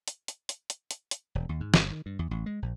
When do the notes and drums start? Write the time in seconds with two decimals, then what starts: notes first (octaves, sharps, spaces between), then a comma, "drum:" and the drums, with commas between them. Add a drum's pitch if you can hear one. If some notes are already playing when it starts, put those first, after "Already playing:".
0.08 drum: hi-hat
0.28 drum: hi-hat
0.49 drum: hi-hat
0.70 drum: hi-hat
0.91 drum: hi-hat
1.11 drum: hi-hat
1.35 E1
1.49 D#2
1.60 G#2
1.74 G1, drum: snare
1.91 D#3
2.06 G2
2.19 E2
2.31 A1
2.46 G#3
2.62 A#1